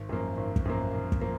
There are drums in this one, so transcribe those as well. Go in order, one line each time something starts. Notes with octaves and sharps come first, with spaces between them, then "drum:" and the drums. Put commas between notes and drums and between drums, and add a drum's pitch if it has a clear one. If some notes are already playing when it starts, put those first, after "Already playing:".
Already playing: G#1
F#2 F3 A#3
G#1
drum: kick
F#2 F3 A#3
G#1
drum: kick
F3 A#3